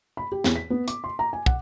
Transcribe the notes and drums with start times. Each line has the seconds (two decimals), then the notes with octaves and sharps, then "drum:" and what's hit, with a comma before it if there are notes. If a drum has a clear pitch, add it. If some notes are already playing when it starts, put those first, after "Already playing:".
0.17 B5
0.32 G4
0.44 E2, drum: snare
0.56 B6
0.70 B3
0.88 D6, drum: hi-hat
1.04 C6
1.19 A#5
1.33 G#5
1.46 F#5, drum: kick